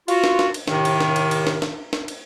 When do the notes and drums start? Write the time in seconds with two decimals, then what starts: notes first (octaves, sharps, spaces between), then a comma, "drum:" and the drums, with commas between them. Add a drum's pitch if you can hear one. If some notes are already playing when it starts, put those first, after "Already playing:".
0.08 F4 F#4, drum: cymbal
0.24 drum: snare
0.39 drum: snare
0.54 drum: cymbal
0.68 D#2 A2 C3 D#3, drum: snare
0.85 drum: cymbal
1.01 drum: snare
1.16 drum: cymbal
1.31 drum: cymbal
1.47 drum: snare
1.62 drum: snare
1.93 drum: snare
2.08 drum: cymbal